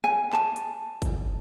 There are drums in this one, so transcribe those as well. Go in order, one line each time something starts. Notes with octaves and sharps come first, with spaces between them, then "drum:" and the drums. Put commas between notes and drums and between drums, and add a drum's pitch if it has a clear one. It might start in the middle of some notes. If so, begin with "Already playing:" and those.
G#5
A5, drum: clap
drum: hi-hat
drum: kick G1, hi-hat